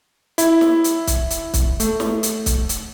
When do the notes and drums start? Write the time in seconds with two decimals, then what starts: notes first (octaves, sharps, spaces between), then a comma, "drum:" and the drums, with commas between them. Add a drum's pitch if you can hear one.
0.38 E4, drum: hi-hat
0.61 drum: snare
0.84 drum: hi-hat
1.07 drum: kick, hi-hat
1.30 drum: hi-hat
1.54 drum: kick, hi-hat
1.80 A3, drum: hi-hat
2.00 drum: snare
2.23 drum: hi-hat
2.46 drum: kick, hi-hat
2.69 drum: hi-hat